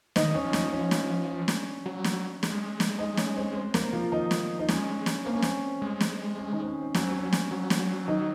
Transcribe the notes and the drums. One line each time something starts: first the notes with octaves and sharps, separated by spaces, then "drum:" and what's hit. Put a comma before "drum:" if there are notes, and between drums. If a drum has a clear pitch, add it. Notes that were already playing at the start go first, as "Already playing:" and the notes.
D#3 D#4 D#5, drum: snare
C#4 C#5
F3
D#4 D#5, drum: snare
C#4 C#5
drum: snare
drum: snare
F#3
drum: snare
G#3, drum: snare
drum: snare
D#4 D#5
C#4 C#5, drum: snare
C4 C5
C4 C5
A#3 A#4, drum: snare
F3 F4
D#3 D#4
drum: snare
D#4
G#3 C#4, drum: snare
drum: snare
A#3 C4
C#4
C4, drum: snare
G#3
drum: snare
C#4
D#3 D#4
C4
C#4
C4
F#3 C#4, drum: snare
C4
C#4
drum: snare
F#3
drum: snare
D#3 D#4